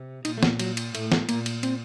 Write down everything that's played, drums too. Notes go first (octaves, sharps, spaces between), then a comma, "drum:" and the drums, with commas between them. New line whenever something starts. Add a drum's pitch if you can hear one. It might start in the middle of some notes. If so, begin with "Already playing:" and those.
Already playing: C3
A#2 D#4, drum: cymbal
A3
A#3, drum: snare
F#3, drum: cymbal
drum: cymbal
A2 A3, drum: cymbal
drum: snare
A#2 A#3, drum: cymbal
drum: cymbal
C4, drum: cymbal